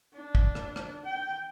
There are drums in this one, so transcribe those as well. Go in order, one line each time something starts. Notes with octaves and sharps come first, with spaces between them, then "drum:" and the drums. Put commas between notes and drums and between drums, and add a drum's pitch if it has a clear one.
D4
drum: kick
drum: rim click
drum: rim click
G5